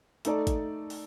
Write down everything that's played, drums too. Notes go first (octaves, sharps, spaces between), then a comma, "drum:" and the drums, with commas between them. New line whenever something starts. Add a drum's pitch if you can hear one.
A3 D#4 A4 D5, drum: hi-hat
drum: kick, hi-hat
drum: open hi-hat